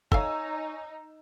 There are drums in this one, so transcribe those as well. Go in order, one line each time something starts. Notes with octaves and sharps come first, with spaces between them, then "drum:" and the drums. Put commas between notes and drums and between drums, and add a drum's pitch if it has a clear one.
D#4 A4 C#5 E5 F5 G#5 E6, drum: kick